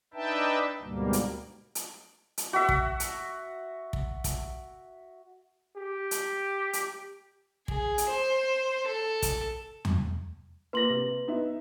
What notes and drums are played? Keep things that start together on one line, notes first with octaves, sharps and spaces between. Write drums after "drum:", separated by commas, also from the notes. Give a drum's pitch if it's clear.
D4 D#4 B4 E5 G5 A5
D2 G#2 B2 G3 A#3
drum: hi-hat
drum: hi-hat
drum: hi-hat
F#4 E5
drum: kick
drum: hi-hat
drum: kick
drum: kick, hi-hat
G4
drum: hi-hat
drum: hi-hat
G#4, drum: kick
drum: hi-hat
C5
A4
drum: kick, hi-hat
drum: tom E2
A#3 F4 B4 C6 A#6 F#7
C3
B3 D#4 E5